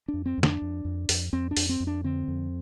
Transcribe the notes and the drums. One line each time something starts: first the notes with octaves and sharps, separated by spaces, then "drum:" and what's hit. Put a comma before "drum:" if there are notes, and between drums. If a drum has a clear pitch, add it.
D4
F2
C4
F2
D4, drum: snare
F2
F2
F2, drum: open hi-hat
F2 C4
D4
F2, drum: open hi-hat
C4
F2
D4
D3 C4
F2